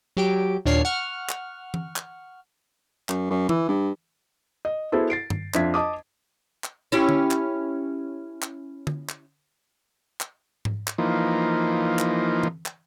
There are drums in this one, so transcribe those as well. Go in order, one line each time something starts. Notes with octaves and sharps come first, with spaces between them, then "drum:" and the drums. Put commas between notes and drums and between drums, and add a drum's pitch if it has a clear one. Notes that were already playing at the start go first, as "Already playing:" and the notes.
F#3 G4 D7
D#2 A#2 D4 C#5 F6 C7
F#5 C#6 F6
drum: clap
drum: tom E3
drum: clap
F#2, drum: clap
F#2
E3, drum: tom E3
G2
D#5
B3 E4 F#4 G#4 A4 C5
A6 C7 D7
drum: tom G2
F2 D4 F4 E5 G#6 B6, drum: clap
D#5 A5 D6 D#6
drum: clap
C#4 E4 G4
drum: tom D3
drum: clap
drum: clap
drum: tom D3
drum: clap
drum: clap
drum: tom G#2
drum: clap
E3 F3 A#3 D#4
drum: clap
drum: tom E3
drum: clap